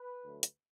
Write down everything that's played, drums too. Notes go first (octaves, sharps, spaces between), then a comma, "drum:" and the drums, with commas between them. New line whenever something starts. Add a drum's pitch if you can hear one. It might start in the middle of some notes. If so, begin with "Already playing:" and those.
Already playing: B4
D2 D3 F#3 A3
drum: hi-hat